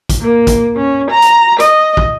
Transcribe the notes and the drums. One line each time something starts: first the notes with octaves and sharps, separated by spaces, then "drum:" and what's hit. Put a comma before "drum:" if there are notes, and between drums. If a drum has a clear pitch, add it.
drum: kick, hi-hat
A#3
drum: kick, hi-hat
C#4
A#5
drum: hi-hat
D#5, drum: hi-hat
drum: kick